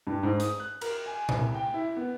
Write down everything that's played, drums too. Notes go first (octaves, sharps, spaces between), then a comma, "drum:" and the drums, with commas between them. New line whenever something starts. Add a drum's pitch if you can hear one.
G2
G#2
D#6, drum: hi-hat
F#6
A#4, drum: cymbal
G#5
C2, drum: tom A#2
G5
E4
B3